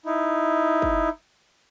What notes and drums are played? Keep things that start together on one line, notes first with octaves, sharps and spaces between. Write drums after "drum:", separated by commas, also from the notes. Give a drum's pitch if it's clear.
D#4 E4
drum: kick